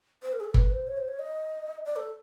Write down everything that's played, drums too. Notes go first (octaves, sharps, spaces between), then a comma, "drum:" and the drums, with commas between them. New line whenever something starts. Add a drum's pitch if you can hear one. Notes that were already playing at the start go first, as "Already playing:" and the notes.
C5
A#4
G#4
A4
B4, drum: kick G1
C5
C#5
C5
C#5
D#5
D5
A4